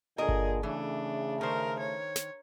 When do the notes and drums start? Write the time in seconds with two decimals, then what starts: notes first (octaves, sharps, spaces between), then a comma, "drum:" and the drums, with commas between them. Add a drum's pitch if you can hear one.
0.18 A#2 D3 G#4 A#4 D#5
0.29 drum: kick G1
0.63 C#3 E3 A3 D4
1.41 D#3 A#4 C5
1.79 C#5
2.16 drum: snare